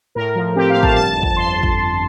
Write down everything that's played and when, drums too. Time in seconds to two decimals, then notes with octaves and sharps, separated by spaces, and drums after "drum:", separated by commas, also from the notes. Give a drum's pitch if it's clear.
0.15 A2 A#4
0.35 F3
0.56 C4 G4
0.70 F5
0.76 A3
0.83 A5, drum: kick
0.96 G1 A5
1.16 F2
1.23 A5, drum: kick
1.36 G1 C6
1.63 drum: kick